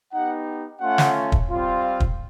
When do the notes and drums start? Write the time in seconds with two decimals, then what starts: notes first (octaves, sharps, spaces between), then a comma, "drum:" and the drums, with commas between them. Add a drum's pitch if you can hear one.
0.13 B3 D#4 G4 F#5
0.81 A3 C#4 F4 F#5
0.98 drum: snare
1.32 drum: kick
1.49 G3 C4 F4
1.83 F5
2.00 drum: kick